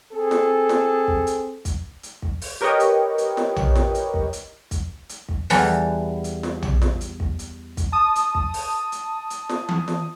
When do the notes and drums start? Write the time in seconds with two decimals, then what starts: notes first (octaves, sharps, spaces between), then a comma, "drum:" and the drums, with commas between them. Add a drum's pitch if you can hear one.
0.12 C4 G#4 A4
0.31 drum: snare
0.69 drum: snare
1.08 drum: kick
1.27 drum: hi-hat
1.65 drum: kick, hi-hat
2.03 drum: hi-hat
2.22 drum: kick
2.42 drum: open hi-hat
2.61 G4 A#4 B4 C#5 D#5 G5
2.80 drum: hi-hat
3.18 drum: hi-hat
3.37 drum: snare
3.56 drum: tom
3.75 drum: snare
3.95 drum: hi-hat
4.14 drum: kick
4.33 drum: hi-hat
4.71 drum: kick, hi-hat
5.09 drum: hi-hat
5.29 drum: kick
5.50 E2 E3 G3 A4 B4, drum: open hi-hat
6.24 drum: hi-hat
6.43 drum: snare
6.62 drum: tom
6.82 drum: snare
7.01 drum: hi-hat
7.20 drum: kick
7.39 drum: hi-hat
7.77 drum: kick, hi-hat
7.92 A5 D#6
8.15 drum: hi-hat
8.35 drum: kick
8.54 drum: open hi-hat
8.92 drum: hi-hat
9.30 drum: hi-hat
9.49 drum: snare
9.69 drum: tom E3
9.88 drum: snare